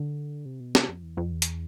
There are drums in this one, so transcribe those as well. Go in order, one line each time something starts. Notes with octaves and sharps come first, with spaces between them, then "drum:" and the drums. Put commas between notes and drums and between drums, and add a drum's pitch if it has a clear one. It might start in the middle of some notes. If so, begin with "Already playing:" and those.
Already playing: D3
C3
B2
C3, drum: snare
F2
E2
F2
E2
drum: hi-hat